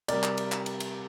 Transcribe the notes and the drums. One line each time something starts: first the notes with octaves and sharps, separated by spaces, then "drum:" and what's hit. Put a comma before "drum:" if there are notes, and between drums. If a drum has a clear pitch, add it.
C3 G3 A#4 D5, drum: cymbal
drum: clap
drum: cymbal
drum: clap
drum: cymbal
drum: cymbal